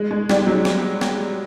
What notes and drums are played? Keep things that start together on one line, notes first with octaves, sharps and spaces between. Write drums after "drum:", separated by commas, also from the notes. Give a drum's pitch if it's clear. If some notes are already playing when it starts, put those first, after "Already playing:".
Already playing: G#3
G#3
G3, drum: snare
F#3
drum: snare
drum: snare